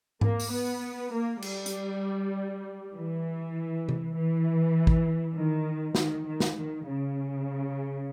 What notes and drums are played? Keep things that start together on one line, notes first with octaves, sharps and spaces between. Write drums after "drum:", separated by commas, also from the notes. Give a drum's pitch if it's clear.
A#3, drum: tom G#2
drum: open hi-hat
B3
A#3
G3, drum: cymbal
drum: hi-hat
E3
drum: tom C3
E3
drum: kick
D#3
D#3, drum: snare
D#3
drum: snare
D#3
C#3